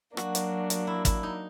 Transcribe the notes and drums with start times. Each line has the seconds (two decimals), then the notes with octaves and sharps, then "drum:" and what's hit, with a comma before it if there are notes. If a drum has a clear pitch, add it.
0.17 F#3 A#3 D4 F#4, drum: rim click
0.35 drum: hi-hat
0.70 drum: hi-hat
0.87 E4
1.05 E4, drum: kick, hi-hat
1.23 D#4